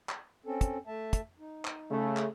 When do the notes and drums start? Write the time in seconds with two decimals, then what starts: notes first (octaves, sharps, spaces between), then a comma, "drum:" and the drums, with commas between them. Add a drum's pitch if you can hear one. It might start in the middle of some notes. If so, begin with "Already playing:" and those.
0.09 drum: clap
0.46 C4 C#4 A4
0.61 drum: kick, hi-hat
0.87 A3 E5 A5
1.13 drum: kick, hi-hat
1.39 D#4
1.65 drum: clap
1.90 C#3 A3
2.17 drum: clap